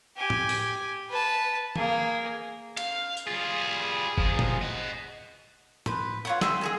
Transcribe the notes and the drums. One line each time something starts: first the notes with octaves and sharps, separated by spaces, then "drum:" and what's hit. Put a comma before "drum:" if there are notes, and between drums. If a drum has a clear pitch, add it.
G4 G#5
drum: tom
drum: open hi-hat
B4 A5
A#3 G#4, drum: tom
F5, drum: cymbal
drum: tambourine
G3 F4 G#4
C3 F3, drum: kick F#1
drum: tom
D#5 F#5
B4 C5 B5, drum: tom
F4 C#5 F#5
D#5 E5 G5 C6, drum: snare
G#4 A4 G#5